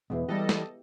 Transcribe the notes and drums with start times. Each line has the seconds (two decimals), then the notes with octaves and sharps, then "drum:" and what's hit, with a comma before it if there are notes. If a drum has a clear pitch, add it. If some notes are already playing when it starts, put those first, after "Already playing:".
0.10 E2 B2 G#3 B3 E4
0.29 E3 G3 G4 A4 D#5
0.49 drum: snare